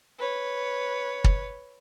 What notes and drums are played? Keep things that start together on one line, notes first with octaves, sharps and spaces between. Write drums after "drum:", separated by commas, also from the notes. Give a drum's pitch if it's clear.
B4 C#5
drum: kick